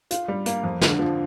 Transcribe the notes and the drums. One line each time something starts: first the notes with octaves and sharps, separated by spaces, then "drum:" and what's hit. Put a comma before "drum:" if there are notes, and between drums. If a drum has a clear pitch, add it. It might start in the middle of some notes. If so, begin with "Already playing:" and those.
F4, drum: hi-hat
G3
A#3, drum: hi-hat
F2
D3, drum: snare
F3